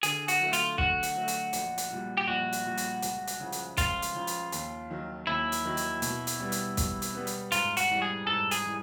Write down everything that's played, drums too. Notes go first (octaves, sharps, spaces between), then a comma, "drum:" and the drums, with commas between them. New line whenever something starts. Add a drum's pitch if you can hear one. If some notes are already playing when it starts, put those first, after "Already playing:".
D3 G#4, drum: hi-hat
F#4, drum: hi-hat
F#3 A3
F4, drum: hi-hat
D3 F#4, drum: kick
drum: hi-hat
F#3 A3
drum: hi-hat
A#1, drum: hi-hat
drum: hi-hat
A#2 G3
G4
A#1 F#4
drum: hi-hat
A#2 G3
drum: hi-hat
C#2, drum: hi-hat
drum: hi-hat
C#3 F3
drum: hi-hat
C#2 F4, drum: kick, hi-hat
drum: hi-hat
C#3 F3
drum: hi-hat
D#2, drum: hi-hat
D#3 F#3
D#2 E4
drum: hi-hat
D#3 F#3
drum: hi-hat
B2, drum: hi-hat
drum: hi-hat
G3 B3
drum: hi-hat
B2, drum: kick, hi-hat
drum: hi-hat
G3 B3
drum: hi-hat
G#2 F4, drum: hi-hat
F#4, drum: hi-hat
E3 G3
G#4
G#2 A4
G#4, drum: hi-hat
E3 G3